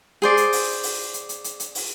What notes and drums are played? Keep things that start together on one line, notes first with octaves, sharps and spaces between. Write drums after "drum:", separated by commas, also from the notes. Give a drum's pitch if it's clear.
G#4 C5 D5
drum: hi-hat
drum: open hi-hat
drum: open hi-hat
drum: hi-hat
drum: hi-hat
drum: hi-hat
drum: hi-hat
drum: open hi-hat